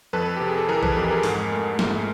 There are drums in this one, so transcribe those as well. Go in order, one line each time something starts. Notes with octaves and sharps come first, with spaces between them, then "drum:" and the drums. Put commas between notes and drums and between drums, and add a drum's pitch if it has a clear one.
F2 A4 B4
C3 G4
G#4
A4
E3 G#4 A#4
A4 B4, drum: kick A#1
F2 G4 A4
G#4 A#4
G#2, drum: open hi-hat
A3
G#2, drum: snare